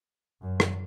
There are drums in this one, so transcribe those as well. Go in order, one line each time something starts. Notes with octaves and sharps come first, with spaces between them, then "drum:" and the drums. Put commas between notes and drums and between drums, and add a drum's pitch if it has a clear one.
F#2
drum: rim click